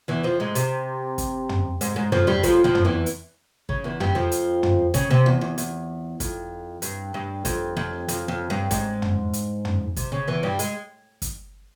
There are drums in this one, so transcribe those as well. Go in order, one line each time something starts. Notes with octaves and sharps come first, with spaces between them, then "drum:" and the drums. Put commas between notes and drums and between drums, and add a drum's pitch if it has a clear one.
E2 E3
F2 F3
G#2 G#3
C3, drum: hi-hat
drum: kick, hi-hat
drum: tom
G#2, drum: hi-hat
G#2
F2 F3, drum: tom
G2 G3
F2 F3, drum: kick, hi-hat
F2 F3
drum: tom
E2 E3
drum: hi-hat
C#3, drum: kick
E2 E3
G2 G3, drum: tom
F2 F3
drum: hi-hat
drum: tom
C#3, drum: kick, hi-hat
C3
E2
E2
E2, drum: hi-hat
F2, drum: kick, hi-hat
G2, drum: hi-hat
G2
F2, drum: kick, hi-hat
F2
F2, drum: hi-hat
F2
G2
G#2, drum: kick, hi-hat
drum: tom
drum: hi-hat
drum: tom
C3, drum: kick, hi-hat
C#3
E2 E3
G2 G3
G#3, drum: hi-hat
drum: kick, hi-hat